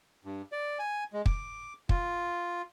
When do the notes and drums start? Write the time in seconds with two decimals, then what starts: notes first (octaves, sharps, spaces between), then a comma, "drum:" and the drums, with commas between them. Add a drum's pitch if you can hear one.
0.25 G2
0.52 D5
0.79 G#5
1.13 G#3
1.26 D6, drum: kick
1.89 F4, drum: kick